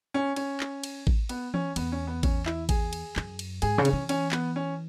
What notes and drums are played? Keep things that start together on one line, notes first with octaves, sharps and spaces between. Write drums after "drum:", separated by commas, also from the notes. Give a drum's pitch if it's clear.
C#4
C#4, drum: cymbal
drum: clap
drum: cymbal
drum: kick A1
B3, drum: cymbal
C#4, drum: tom E3
E2 B3, drum: cymbal
C#4
B3
C#4, drum: kick A1, cymbal
E4, drum: clap
G#4, drum: kick A1, cymbal
drum: cymbal
F#2, drum: clap
drum: cymbal
G#2 G#4, drum: cymbal
C#3
C#4, drum: cymbal
E3
C#4, drum: cymbal
B3, drum: clap
C#4